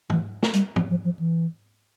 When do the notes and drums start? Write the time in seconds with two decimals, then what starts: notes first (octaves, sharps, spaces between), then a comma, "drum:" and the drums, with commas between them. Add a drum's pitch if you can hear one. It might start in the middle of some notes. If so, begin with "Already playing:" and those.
0.10 E3, drum: tom
0.43 drum: snare
0.53 G3, drum: hi-hat
0.76 F3, drum: tom
0.90 F3
1.05 F3
1.19 E3